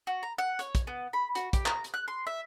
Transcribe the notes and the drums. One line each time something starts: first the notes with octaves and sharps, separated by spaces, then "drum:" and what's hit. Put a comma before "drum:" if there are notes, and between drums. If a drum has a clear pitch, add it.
F#4
A#5
F#5
C#5, drum: hi-hat
drum: kick, hi-hat
B3
B5
F#4, drum: hi-hat
G4, drum: kick, hi-hat
A#5, drum: clap
drum: hi-hat
F#6
C6
E5